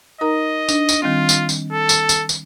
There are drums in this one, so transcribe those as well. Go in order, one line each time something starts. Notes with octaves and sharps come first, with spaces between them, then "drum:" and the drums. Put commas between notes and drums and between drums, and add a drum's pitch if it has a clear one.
D#4 A#4 D#5 A#5
D4, drum: tambourine
drum: tambourine
D#3 G3 C4 F4
drum: tambourine
drum: tambourine
A4
drum: tambourine
drum: tambourine
drum: tambourine